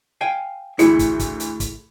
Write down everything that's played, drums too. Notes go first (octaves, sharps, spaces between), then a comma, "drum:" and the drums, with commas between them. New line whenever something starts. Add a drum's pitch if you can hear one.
F5 G5 G#5
D2 E3 E4 G#4 C#7, drum: hi-hat
drum: kick, hi-hat
drum: kick, hi-hat
drum: hi-hat
drum: kick, hi-hat